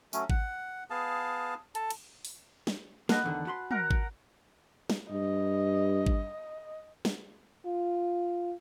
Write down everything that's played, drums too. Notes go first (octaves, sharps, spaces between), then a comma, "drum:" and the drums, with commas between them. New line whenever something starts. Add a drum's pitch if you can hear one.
F#3 A3 C#4, drum: tambourine
F#5, drum: kick G#1
B3 G#4 F5 A5
A4 A5, drum: hi-hat
drum: cymbal
drum: open hi-hat
drum: snare
A#3 B4 D#5 F#5 A5, drum: snare
E2 D3 D#3
F#4 B5 C6
A#4 F#5 A#5, drum: tom
drum: kick G#1
drum: snare
G2 D#5
drum: kick G#1
drum: snare
F4